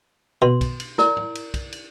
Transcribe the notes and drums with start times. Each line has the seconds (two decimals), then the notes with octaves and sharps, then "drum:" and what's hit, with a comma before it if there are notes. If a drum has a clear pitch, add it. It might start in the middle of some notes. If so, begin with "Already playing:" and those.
0.42 B2 C6
0.61 drum: kick, cymbal
0.80 drum: cymbal
0.98 E4 A#4 D5, drum: snare
1.17 drum: tom
1.35 drum: cymbal
1.54 drum: kick, cymbal
1.72 drum: cymbal